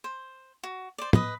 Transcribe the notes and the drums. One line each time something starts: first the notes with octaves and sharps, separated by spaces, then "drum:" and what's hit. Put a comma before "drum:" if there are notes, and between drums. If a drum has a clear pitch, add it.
C5
F#4
C5 D5
B4 D#5 D#6, drum: tom